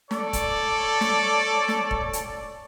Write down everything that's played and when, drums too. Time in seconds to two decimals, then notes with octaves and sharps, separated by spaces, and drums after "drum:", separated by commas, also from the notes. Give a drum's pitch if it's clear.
0.11 A4 C#5 D5, drum: snare
0.33 drum: kick, hi-hat
1.01 drum: snare
1.68 drum: snare
1.91 drum: kick
2.13 drum: hi-hat